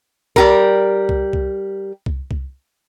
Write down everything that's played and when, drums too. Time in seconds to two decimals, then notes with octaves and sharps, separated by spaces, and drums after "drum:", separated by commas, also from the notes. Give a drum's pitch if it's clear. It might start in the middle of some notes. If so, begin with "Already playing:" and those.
0.36 G3 G4 A#4, drum: kick C2
1.09 drum: kick C2
1.33 drum: kick C2
2.06 drum: kick C2
2.31 drum: kick C2